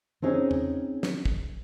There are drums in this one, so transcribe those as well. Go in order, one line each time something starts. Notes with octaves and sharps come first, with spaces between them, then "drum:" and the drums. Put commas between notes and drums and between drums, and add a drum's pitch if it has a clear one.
C4 C#4 D#4 G#4
drum: tom E2
drum: snare
drum: kick